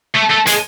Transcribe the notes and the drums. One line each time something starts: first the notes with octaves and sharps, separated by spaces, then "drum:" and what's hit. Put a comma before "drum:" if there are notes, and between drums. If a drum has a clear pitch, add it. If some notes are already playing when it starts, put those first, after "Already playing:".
A3
A3
G#3, drum: hi-hat